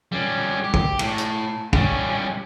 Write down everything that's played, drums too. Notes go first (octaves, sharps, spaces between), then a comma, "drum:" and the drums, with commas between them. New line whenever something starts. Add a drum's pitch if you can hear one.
G3 C#4
G4
drum: kick
A2, drum: cymbal
drum: hi-hat
G3 C#4, drum: kick